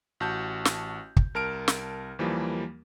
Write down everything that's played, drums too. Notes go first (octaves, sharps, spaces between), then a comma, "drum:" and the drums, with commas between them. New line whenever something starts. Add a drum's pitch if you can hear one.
A1 F#4 A5 G6
drum: snare
drum: kick
C2 A#4 A5 F6 D7
drum: snare
D#2 E3 F3 G3 A#3